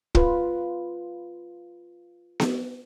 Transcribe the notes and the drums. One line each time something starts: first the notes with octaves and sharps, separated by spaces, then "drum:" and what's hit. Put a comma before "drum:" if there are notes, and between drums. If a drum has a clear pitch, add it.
F4 B4, drum: kick
drum: snare B3